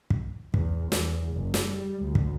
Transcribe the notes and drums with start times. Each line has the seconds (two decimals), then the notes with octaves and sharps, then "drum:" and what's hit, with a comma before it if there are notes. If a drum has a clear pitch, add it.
0.10 drum: kick
0.54 E2, drum: kick
0.92 E2, drum: snare
1.33 F#1
1.54 drum: snare
1.70 G3
2.04 D2
2.15 drum: kick